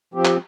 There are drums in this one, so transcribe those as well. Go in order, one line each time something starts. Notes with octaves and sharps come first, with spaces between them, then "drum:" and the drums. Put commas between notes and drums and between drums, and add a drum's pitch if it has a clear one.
F3 C4 G4
drum: clap